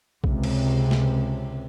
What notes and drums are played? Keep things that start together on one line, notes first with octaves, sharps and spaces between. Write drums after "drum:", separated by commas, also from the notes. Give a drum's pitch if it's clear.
C#2 C3, drum: kick A#1
drum: cymbal
drum: snare A3